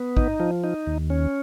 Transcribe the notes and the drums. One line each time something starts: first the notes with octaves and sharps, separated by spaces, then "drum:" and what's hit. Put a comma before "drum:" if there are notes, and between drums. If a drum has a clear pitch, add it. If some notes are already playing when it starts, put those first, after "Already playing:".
Already playing: B3
D#4, drum: kick A1
F3
D#4
D#2
C#4